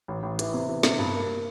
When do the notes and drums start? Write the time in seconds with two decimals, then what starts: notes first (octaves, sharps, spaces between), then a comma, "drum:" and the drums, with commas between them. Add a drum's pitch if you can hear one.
0.08 A1
0.23 A1
0.39 E3, drum: hi-hat
0.54 C3
0.69 E3
0.83 C3, drum: snare
0.99 G2
1.14 A#3